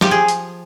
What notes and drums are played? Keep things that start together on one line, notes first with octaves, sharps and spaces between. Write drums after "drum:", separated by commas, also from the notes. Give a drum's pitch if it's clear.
F3 G4, drum: snare
G#4
drum: hi-hat